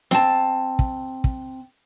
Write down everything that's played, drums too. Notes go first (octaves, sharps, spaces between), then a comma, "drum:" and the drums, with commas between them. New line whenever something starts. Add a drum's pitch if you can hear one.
C4 A5, drum: snare
drum: kick
drum: kick